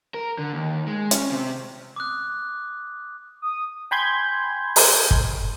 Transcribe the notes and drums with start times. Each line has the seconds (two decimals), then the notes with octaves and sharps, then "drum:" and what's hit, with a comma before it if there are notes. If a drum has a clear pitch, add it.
0.14 A#4
0.38 D3
0.53 D#2
0.87 G#3
1.11 C#4, drum: hi-hat
1.31 C3
1.96 D6 D#6 F#6
3.42 D#6
3.91 G5 G#5 B5 C6 G6 G#6
4.76 drum: open hi-hat
5.11 drum: kick